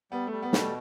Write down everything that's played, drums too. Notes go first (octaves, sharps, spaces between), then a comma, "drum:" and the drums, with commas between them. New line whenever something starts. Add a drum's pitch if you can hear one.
G3 B3
G3 A3
B3
B2, drum: snare
A3